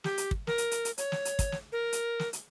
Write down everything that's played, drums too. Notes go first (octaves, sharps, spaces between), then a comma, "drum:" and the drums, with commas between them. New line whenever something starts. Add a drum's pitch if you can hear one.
G4, drum: snare
drum: hi-hat
drum: kick
A#4, drum: snare
drum: hi-hat
drum: hi-hat
drum: hi-hat
C#5, drum: hi-hat
drum: snare
drum: hi-hat
drum: kick, hi-hat
drum: snare
A#4
drum: hi-hat
drum: snare
drum: hi-hat